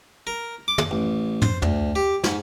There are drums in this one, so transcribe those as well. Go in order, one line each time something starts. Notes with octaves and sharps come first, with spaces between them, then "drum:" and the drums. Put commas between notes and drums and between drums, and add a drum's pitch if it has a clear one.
A#4
D6
drum: tom
A1
C5, drum: tom
D2, drum: tom
G4
G#2, drum: snare